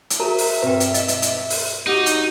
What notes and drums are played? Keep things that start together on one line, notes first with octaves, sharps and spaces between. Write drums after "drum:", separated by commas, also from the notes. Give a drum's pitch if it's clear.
drum: hi-hat
F#4 G#4 A#4 C5 E5 A5 A#5
drum: open hi-hat
G2 B2 C4 B4 G5
drum: hi-hat
D#5, drum: hi-hat
drum: hi-hat
drum: hi-hat
drum: open hi-hat
D#4 F#4 G4 F#5 D6
drum: hi-hat